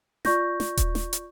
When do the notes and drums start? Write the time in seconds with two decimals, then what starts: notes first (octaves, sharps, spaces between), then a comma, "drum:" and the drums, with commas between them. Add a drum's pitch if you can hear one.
0.25 F4 D5 C#6 G6 A#6, drum: snare
0.60 drum: snare
0.77 drum: kick D#1, hi-hat
0.95 drum: snare
1.13 drum: hi-hat